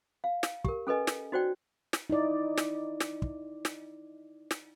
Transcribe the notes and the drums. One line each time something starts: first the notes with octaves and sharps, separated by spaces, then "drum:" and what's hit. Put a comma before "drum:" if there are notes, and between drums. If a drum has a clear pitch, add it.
F5
drum: snare
G4 A#4, drum: kick
C#4 A4 B4 D#5 G#5
drum: snare
D#4 F#4 C5 D5 G5
drum: snare
D#4 E4 D5
drum: snare
drum: snare
drum: kick
drum: snare
drum: snare